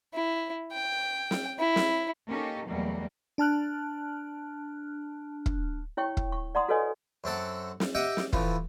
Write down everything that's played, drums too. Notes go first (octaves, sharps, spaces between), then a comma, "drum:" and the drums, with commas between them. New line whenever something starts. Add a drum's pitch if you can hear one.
E4
G5
drum: snare
E4
drum: snare
A#3 C#4 D#4 G4 A4
E2 B2 F#3 G3 A3 A#3
D4 A5 F6 F#6
drum: kick
E4 C#5 G5 C#6
drum: kick
C#6
D5 F#5 A#5 C6 D#6
F#4 A4 B4 C#5 D#5 G#5
F#2 C4 A4 F#5
drum: snare
G4 D#5 E5 F#5 G5
drum: snare
A2 E3 F3, drum: kick